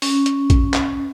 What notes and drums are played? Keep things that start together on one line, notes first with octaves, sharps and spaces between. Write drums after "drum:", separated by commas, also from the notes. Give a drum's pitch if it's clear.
C#4, drum: open hi-hat
drum: hi-hat
drum: kick A1, hi-hat
drum: clap